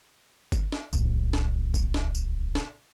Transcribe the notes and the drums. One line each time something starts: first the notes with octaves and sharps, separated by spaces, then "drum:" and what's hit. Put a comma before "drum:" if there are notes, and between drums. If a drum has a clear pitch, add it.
drum: kick G1, tambourine
drum: snare
D1 C2, drum: tambourine
drum: snare
drum: kick G1, tambourine
drum: snare
drum: tambourine
drum: snare